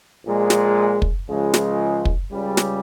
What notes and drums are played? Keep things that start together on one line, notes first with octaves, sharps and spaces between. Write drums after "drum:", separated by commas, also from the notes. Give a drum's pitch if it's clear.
A#1 A#2 G#3
drum: snare
drum: kick
C#2 C#3 F3 G#3
drum: snare
drum: kick
C#2 C#3 G3
drum: snare